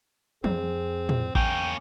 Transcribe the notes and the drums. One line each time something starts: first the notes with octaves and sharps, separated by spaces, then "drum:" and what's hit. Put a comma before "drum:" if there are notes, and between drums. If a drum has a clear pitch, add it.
F2 C4 G#4, drum: tom
drum: tom
E2 A#3 C#4 G5, drum: kick A1